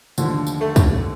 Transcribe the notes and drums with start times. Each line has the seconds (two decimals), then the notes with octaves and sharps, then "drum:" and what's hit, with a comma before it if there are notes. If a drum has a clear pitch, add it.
0.18 D#2 D3 F3, drum: tambourine
0.47 drum: tambourine
0.61 A3
0.76 drum: kick C2, tambourine